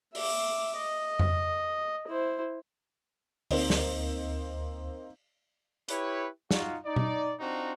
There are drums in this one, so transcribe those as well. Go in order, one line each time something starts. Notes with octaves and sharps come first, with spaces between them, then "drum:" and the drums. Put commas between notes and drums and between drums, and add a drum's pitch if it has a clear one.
E5 D6, drum: open hi-hat
D#5
drum: tom F2
E4 C5
D2 A#3 C4 D#4, drum: open hi-hat
drum: snare
E4 G4 B4 C#5, drum: hi-hat
D#4 F4 F#4, drum: snare
D#4 D5
drum: tom B2
C4 D4 D#4 F4 F#4